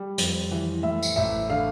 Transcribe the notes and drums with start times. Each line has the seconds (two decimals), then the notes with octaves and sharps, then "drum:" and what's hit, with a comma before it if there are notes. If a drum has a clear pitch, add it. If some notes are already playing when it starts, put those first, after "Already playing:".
Already playing: G3
0.18 F2, drum: hi-hat
0.51 E3
0.83 A2 E5
1.03 drum: tambourine
1.16 A1 E5
1.49 D3 F5